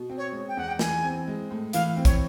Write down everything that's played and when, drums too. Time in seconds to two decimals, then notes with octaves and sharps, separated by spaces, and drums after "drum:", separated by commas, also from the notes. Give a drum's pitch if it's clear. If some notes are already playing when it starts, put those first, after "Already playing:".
Already playing: B2
0.10 C4
0.18 C#5
0.32 G#3
0.49 G5
0.57 E2 F#5
0.68 G5
0.79 E3 G#5, drum: snare
1.04 C4
1.28 G#3
1.51 A2
1.73 E3 F5, drum: hi-hat
1.97 C4
2.05 C#5, drum: kick, hi-hat